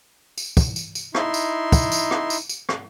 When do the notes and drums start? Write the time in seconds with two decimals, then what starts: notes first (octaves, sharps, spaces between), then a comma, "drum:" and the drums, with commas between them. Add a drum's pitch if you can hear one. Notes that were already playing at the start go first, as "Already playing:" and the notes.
0.37 drum: tambourine
0.57 drum: kick, tambourine
0.76 drum: tambourine
0.95 drum: tambourine
1.15 D#4 E4 C6, drum: rim click
1.34 drum: tambourine
1.72 drum: kick, tambourine
1.92 drum: tambourine
2.11 drum: rim click
2.30 drum: tambourine
2.49 drum: tambourine
2.69 drum: rim click